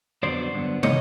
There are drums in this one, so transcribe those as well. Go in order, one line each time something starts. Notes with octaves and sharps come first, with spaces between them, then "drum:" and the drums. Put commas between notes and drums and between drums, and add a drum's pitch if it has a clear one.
F2 D3 F#3 B3 C5 D5
G2 D3 F#3 B3
E3 C#5 D#5, drum: tom